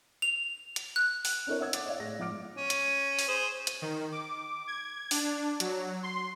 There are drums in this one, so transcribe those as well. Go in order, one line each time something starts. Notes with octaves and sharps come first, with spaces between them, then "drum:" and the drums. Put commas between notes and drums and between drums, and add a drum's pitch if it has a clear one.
F7
drum: hi-hat
F#6
drum: open hi-hat
C4 D4 E4 A4 A#4 C#5
C#5 E5 F#5 E6 G#6
F#5 D6 F#6 A6, drum: hi-hat
C#5 D5 F5
A2 G#4 C#5 A#6
G#2 F3 F#5 D6 F6 D7
C#4
drum: hi-hat
drum: open hi-hat
G#4 C5
drum: hi-hat
D#3
D6
G#6
D4, drum: open hi-hat
F#3, drum: hi-hat
C6